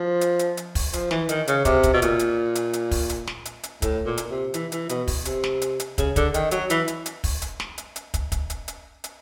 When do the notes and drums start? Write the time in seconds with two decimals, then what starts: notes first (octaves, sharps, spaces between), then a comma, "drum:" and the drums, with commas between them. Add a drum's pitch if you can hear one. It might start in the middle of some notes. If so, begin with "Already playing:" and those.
Already playing: F3
0.21 drum: hi-hat
0.39 drum: hi-hat
0.57 drum: hi-hat
0.75 drum: kick, open hi-hat
0.93 F3, drum: hi-hat
1.11 E3, drum: snare
1.29 D#3, drum: hi-hat
1.47 C#3, drum: hi-hat
1.65 C3, drum: kick, hi-hat
1.83 drum: kick, hi-hat
1.93 B2
2.02 A#2, drum: hi-hat
2.19 drum: hi-hat
2.55 drum: hi-hat
2.73 drum: hi-hat
2.91 drum: kick, open hi-hat
3.09 drum: hi-hat
3.27 drum: snare
3.45 drum: hi-hat
3.63 drum: hi-hat
3.82 A2, drum: kick, hi-hat
4.06 A#2
4.17 drum: hi-hat
4.30 C3
4.54 E3, drum: hi-hat
4.72 E3, drum: hi-hat
4.89 B2, drum: hi-hat
5.08 drum: kick, open hi-hat
5.25 C3, drum: hi-hat
5.44 drum: snare
5.62 drum: hi-hat
5.80 drum: hi-hat
5.98 C#3, drum: kick, hi-hat
6.16 D3, drum: kick, hi-hat
6.34 D#3, drum: hi-hat
6.51 F#3, drum: hi-hat
6.70 E3, drum: hi-hat
6.88 drum: hi-hat
7.06 drum: hi-hat
7.24 drum: kick, open hi-hat
7.42 drum: hi-hat
7.60 drum: snare
7.78 drum: hi-hat
7.96 drum: hi-hat
8.14 drum: kick, hi-hat
8.32 drum: kick, hi-hat
8.50 drum: hi-hat
8.68 drum: hi-hat
9.04 drum: hi-hat